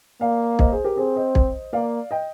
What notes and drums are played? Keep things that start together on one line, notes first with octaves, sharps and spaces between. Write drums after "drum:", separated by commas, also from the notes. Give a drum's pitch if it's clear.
A#3 D5 F5
C5 D#5, drum: kick
G#4 C5
G4 A#4
C4 G#4 C5
C5 D#5
drum: kick
A#3 D5 F5
D#5 G5